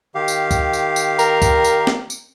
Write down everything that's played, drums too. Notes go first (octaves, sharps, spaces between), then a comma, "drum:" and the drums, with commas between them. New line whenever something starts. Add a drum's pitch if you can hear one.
D#3 G4 F5
drum: tambourine
drum: kick C#2, tambourine
drum: tambourine
drum: tambourine
A#4, drum: tambourine
drum: kick C#2, tambourine
drum: tambourine
drum: snare
drum: tambourine